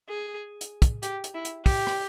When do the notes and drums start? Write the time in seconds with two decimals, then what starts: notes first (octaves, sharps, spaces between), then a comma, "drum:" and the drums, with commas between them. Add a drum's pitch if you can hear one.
0.09 G#4
0.61 drum: hi-hat
0.82 drum: kick, hi-hat
1.03 G4, drum: hi-hat
1.24 drum: hi-hat
1.34 E4
1.45 drum: hi-hat
1.66 G4, drum: kick, open hi-hat
1.87 drum: rim click